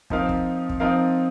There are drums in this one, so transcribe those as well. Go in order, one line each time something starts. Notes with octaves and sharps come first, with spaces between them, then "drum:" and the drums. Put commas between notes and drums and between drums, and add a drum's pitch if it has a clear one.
F3 C4 D#4 A#4 F5, drum: kick
drum: kick
drum: kick
F3 C4 D#4 A#4 F5